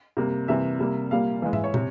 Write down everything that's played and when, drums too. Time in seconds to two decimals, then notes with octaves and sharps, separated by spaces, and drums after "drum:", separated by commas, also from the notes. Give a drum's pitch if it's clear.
0.17 C3 G3 A#3
0.48 C3 E3 G3 A#3 E5
0.80 C3 G3 A#3
1.11 A#2 G3 A#3 F5
1.42 E3 G#3 F5
1.53 E5, drum: tom
1.64 C#5
1.74 C3, drum: tom